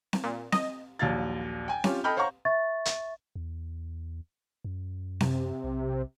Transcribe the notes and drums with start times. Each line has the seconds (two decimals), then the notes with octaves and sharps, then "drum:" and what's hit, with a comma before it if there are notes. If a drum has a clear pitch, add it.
0.13 drum: snare C4
0.24 A#2
0.52 D#5, drum: snare C4
0.99 A#1 D#2 F#3 F5 G#6 A6
1.68 G5 G#5
1.84 C#4 F4 G4, drum: snare C4
2.04 A4 D#5 G5 B5 F6 G6
2.16 C5 C#5 F5 F#5 A#5 C#6
2.45 E5 C#6 A6
2.85 drum: hi-hat
3.35 E2
4.65 F#2
5.20 C3, drum: snare C4
5.64 B1